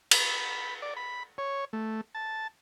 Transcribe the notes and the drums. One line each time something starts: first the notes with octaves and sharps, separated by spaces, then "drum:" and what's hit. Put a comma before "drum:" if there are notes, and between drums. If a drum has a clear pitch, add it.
B5, drum: cymbal
D5
B5
C#5
A3
A5